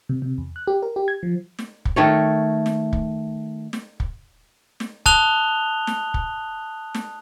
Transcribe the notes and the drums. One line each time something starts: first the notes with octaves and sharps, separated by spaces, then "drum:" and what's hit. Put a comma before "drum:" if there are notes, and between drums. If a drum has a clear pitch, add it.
C3
C3
E2
F#6
G4
A#4
G4
G#6
F3
drum: snare
drum: kick
D#3 A3 C#5
drum: snare
drum: kick
drum: snare
drum: kick
drum: snare
A5 D#6 F#6 F7 G7, drum: kick
drum: snare
drum: kick
drum: snare